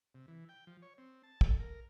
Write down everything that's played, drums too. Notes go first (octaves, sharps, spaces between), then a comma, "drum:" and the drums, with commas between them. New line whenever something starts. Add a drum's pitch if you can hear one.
C3
E3
G5
F3
C#5
C4
A5
A4, drum: kick
A#4